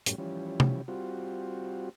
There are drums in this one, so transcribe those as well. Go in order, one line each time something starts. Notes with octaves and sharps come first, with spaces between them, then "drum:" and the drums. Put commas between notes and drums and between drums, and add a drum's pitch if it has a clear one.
F#2 A2 G3 C#4, drum: hi-hat
E3 F3 G3 C#4
drum: tom
G3 C4 F4 F#4